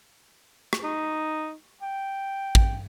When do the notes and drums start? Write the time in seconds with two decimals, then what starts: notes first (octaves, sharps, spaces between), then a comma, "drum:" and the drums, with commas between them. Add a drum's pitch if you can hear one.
0.73 drum: rim click
0.84 D#4
1.82 G5
2.55 drum: kick